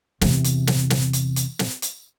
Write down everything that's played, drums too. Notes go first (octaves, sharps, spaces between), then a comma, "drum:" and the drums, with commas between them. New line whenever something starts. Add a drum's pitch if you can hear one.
E2 C3, drum: snare
drum: hi-hat
drum: snare
drum: snare
drum: hi-hat
drum: hi-hat
drum: snare
drum: hi-hat